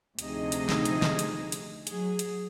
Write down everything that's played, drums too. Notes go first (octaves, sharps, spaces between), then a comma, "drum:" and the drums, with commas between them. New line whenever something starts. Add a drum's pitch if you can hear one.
D2 C3 F3 D#4 G#4 D#5, drum: hi-hat
drum: hi-hat
drum: snare
drum: hi-hat
drum: snare
drum: hi-hat
drum: hi-hat
F#3 G#4, drum: hi-hat
drum: hi-hat